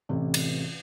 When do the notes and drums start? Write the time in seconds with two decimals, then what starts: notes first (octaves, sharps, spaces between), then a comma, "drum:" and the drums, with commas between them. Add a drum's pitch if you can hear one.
0.09 A1 C3
0.34 drum: cymbal